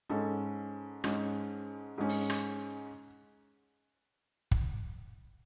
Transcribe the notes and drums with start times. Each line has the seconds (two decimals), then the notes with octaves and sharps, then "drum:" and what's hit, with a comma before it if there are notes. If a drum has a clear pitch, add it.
0.09 G#2 G#3 C#4 A4
1.04 G#2 G#3 C#4, drum: rim click
1.98 G#2 G#3 C#4
2.09 drum: open hi-hat
2.30 drum: rim click
4.51 drum: kick